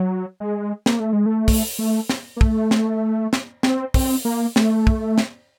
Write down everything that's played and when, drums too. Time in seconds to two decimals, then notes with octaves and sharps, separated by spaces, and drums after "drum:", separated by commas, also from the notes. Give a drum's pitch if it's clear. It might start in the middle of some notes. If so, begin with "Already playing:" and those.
Already playing: F#3
0.40 G#3
0.86 A#3, drum: snare
1.00 A3
1.13 G#3
1.26 A3
1.48 drum: kick, open hi-hat
1.79 A3
2.09 drum: snare
2.37 A#3
2.41 A3, drum: kick
2.71 drum: snare
3.33 drum: snare
3.63 C4, drum: snare
3.94 C4, drum: kick, open hi-hat
4.25 A#3
4.56 A3, drum: snare
4.87 drum: kick
5.18 drum: snare